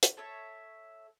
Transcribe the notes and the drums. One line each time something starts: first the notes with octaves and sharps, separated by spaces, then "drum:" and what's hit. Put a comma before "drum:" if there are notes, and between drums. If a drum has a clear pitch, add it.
drum: hi-hat
A4 C#5 E5